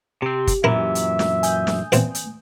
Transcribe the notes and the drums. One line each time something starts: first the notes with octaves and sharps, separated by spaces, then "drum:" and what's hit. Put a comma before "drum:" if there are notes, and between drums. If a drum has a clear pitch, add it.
C3 C4 G4
drum: kick, hi-hat
F#2 A#2 E3 E4 A#4 E5
drum: hi-hat
drum: snare
G#5 D#6 G6, drum: hi-hat
drum: snare
A#2 E3 C4, drum: hi-hat
drum: hi-hat